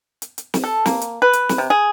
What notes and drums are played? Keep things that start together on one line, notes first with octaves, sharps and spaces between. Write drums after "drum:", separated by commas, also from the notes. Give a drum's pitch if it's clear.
drum: hi-hat
drum: hi-hat
drum: snare
A4
A#3, drum: snare
drum: hi-hat
B4
drum: hi-hat
drum: snare
C3
G#4